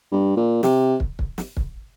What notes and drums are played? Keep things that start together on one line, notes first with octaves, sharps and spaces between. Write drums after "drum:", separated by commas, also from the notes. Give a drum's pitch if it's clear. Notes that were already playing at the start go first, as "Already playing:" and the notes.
G2
A#2
C3, drum: snare
drum: kick
drum: kick
drum: snare
drum: kick